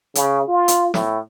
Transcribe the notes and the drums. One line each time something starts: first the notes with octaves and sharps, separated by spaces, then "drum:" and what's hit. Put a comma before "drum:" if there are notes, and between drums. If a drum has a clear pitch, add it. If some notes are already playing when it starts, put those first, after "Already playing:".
C#3, drum: hi-hat
F4
drum: hi-hat
A2, drum: snare